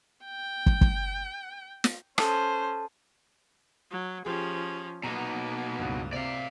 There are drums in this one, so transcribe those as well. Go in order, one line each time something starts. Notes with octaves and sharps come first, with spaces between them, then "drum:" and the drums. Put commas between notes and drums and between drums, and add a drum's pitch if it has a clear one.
G5
drum: kick
drum: kick
drum: snare
C#4 A4 C5 A5, drum: rim click
F#3
F3 C#4 G4 G#4
B2 A#3 B3 D#4 A#5
C#2 G2
C3 D5 F5